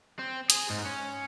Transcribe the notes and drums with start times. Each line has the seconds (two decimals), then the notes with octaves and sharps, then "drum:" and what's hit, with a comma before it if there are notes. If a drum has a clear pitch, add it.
0.19 C4
0.50 G#4, drum: hi-hat
0.70 G#2
0.86 C#4